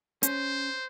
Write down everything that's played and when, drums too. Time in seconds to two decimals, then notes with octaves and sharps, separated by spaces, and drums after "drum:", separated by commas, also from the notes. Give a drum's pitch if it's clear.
0.23 C#4 C5, drum: hi-hat